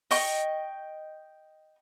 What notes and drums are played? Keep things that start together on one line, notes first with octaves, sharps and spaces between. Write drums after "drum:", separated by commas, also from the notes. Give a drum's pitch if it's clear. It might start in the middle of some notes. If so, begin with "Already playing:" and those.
D#5 G5 C#6, drum: open hi-hat